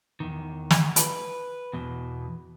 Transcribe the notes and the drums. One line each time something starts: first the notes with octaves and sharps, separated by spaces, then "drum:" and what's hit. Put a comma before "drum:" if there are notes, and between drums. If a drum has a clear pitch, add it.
E2 D#3
drum: snare
B4, drum: hi-hat
E2 B2